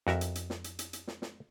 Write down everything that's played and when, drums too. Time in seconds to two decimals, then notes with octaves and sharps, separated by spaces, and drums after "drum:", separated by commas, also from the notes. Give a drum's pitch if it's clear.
0.07 F2 F#4 A#4 E5, drum: snare
0.21 drum: hi-hat
0.35 drum: hi-hat
0.50 drum: snare
0.64 drum: hi-hat
0.79 drum: hi-hat
0.93 drum: hi-hat
1.08 drum: snare
1.22 drum: snare